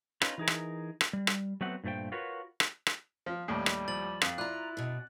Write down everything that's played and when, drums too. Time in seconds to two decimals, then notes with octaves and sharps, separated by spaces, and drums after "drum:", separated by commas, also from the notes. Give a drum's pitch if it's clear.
0.22 C#4 D#4 F4 B4, drum: rim click
0.38 E3 D#4 G#4 A#4
0.48 drum: rim click
1.01 drum: rim click
1.13 G3
1.27 drum: rim click
1.61 F#3 A3 B3 C4 B4 F#5
1.84 G2 A#2 A3 C5 G5
2.12 F4 F#4 A#4 B4 C#5
2.60 drum: rim click
2.87 drum: rim click
3.26 F3
3.48 D#2 A2 G3
3.66 drum: rim click
3.88 F3 A6 F#7
4.22 F2, drum: rim click
4.38 E4 F4 D5 A#5 F#6
4.77 F#2 B2